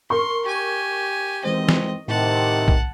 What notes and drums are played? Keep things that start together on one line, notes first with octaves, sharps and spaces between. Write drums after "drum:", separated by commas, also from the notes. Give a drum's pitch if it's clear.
A#4 C6 C#6
G4 G#5
E2 D#3 E3 G#3 C4 C5 D#5
drum: snare
A2 C3 D#3 F#5 A5
drum: kick B1